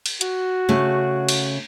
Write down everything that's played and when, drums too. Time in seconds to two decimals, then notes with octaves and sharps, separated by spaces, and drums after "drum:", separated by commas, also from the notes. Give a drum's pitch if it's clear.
0.06 drum: cymbal
0.21 F#4, drum: hi-hat
0.69 C#3 A3
1.29 drum: cymbal